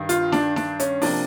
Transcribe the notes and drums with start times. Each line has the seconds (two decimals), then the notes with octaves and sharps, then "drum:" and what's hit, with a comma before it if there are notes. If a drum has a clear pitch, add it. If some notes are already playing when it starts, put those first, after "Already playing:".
Already playing: G2 D#3
0.09 F4, drum: hi-hat
0.32 D4, drum: snare D#4
0.56 D4, drum: snare D#4
0.80 C#4, drum: hi-hat
1.02 C3 F3 A#3 D4, drum: open hi-hat